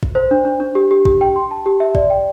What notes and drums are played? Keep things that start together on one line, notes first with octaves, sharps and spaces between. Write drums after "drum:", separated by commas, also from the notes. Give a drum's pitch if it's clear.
drum: kick A#1
C5
D4
D4
D4
G4
G4
G4, drum: kick A#1
G5
C6
A5
G4
E5
D5, drum: kick A#1
G5